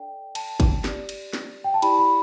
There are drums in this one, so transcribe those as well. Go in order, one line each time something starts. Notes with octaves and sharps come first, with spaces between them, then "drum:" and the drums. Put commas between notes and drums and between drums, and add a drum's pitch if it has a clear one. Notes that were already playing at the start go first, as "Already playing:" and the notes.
Already playing: D4 A4 D5 G5
A5, drum: cymbal
drum: kick, cymbal
G4 D5, drum: snare
drum: cymbal
drum: snare
G5
A5
E4 G4 D5 B5, drum: cymbal
B5